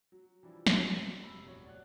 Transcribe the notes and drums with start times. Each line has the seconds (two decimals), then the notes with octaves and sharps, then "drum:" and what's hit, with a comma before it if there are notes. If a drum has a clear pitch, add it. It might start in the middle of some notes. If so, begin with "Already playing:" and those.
0.12 F#3
0.43 E3 F3 G3 D4 E4
0.67 D#3 F#3 B3 F#4, drum: snare
1.21 F1 B1 C3 B5 E6 F#7
1.46 D#1 A2 F#4 C#5
1.65 D5 F#5 F#6